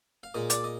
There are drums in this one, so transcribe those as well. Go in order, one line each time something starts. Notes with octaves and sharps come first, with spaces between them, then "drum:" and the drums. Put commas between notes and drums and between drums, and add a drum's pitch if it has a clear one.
F5
A#2 G#3 D#5
D5, drum: hi-hat
D#5